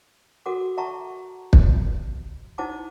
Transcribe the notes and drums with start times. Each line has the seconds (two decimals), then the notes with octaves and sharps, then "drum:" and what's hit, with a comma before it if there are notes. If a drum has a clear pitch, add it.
0.46 F#4 A4 A#4 F#5 D6
0.77 E5 F#5 A5 A#5 C#6
1.53 drum: kick
2.58 D#4 E4 C5 F#5 A5 D6